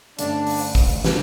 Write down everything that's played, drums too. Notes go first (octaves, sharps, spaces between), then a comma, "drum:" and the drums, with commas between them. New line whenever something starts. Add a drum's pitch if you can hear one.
G2 D3 A3 C#4 D4, drum: hi-hat
drum: open hi-hat
drum: kick, open hi-hat
D3 G3 D4 A4, drum: snare